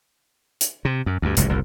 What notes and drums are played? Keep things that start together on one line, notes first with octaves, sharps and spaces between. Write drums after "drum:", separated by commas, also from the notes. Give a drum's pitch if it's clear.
drum: hi-hat
C3
F#2
D2 G2
F1 C#2 F#2 A2, drum: hi-hat
F#1 C2